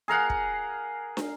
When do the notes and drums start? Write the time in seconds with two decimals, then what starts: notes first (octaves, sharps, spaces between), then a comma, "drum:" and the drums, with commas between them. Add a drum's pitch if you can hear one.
0.08 G#4 A#4 F5 F#5
0.30 drum: kick
1.17 drum: snare